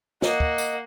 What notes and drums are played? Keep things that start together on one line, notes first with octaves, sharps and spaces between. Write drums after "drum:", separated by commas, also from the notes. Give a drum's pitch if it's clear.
A#3 D#5 F#5, drum: snare
drum: kick
drum: tambourine